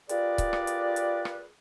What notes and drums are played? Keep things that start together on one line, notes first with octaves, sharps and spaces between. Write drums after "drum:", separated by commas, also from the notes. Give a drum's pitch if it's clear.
F4 G4 G#4 A#4 B4 D5, drum: hi-hat
drum: kick C#1, hi-hat
drum: rim click
drum: hi-hat
drum: hi-hat
drum: rim click